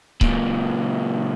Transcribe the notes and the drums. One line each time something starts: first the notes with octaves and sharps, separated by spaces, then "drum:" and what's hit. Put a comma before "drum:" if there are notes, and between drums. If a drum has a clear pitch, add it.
C#2 A#2, drum: kick C#1